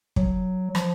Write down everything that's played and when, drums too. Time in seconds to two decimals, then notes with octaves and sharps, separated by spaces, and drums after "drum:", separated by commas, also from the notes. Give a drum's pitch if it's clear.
0.16 F#3, drum: kick
0.75 F3, drum: rim click